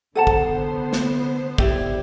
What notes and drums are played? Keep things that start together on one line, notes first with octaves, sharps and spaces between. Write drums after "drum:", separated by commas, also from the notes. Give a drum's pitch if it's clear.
D3 B3 A4 C5 F#5 A5
drum: kick
drum: snare
E4 G4 D5, drum: kick